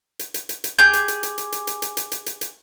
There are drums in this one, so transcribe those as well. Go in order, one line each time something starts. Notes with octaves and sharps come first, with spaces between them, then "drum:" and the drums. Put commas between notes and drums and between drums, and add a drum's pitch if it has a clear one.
drum: hi-hat
drum: hi-hat
drum: hi-hat
drum: hi-hat
G4 G#4 G6, drum: rim click
drum: hi-hat
drum: hi-hat
drum: hi-hat
drum: hi-hat
drum: hi-hat
drum: hi-hat
drum: hi-hat
drum: hi-hat
drum: hi-hat
drum: hi-hat
drum: hi-hat